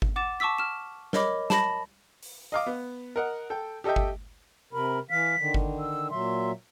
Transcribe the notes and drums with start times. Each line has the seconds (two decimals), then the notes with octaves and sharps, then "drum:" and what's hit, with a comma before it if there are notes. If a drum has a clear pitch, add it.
0.02 drum: kick G1
0.16 F#5 D6 A6 E7
0.40 A5 C#6 D6 E6 B6
0.58 F6 E7
1.13 A#4 C#5 D#5 B5 D6, drum: snare
1.50 A5 B5 A#6, drum: snare
2.23 drum: open hi-hat
2.52 D#5 F5 D6
2.66 B3
3.16 A#4 D#5 F#5
3.50 A4 G5
3.84 G4 A4 D#5 E5 G5
3.96 drum: kick G1
4.73 C3 A#4 B5
5.10 E3 F5 B6
5.38 D3 D#3
5.54 drum: kick G1
5.79 E6
6.10 A#2 F#3 E5 C6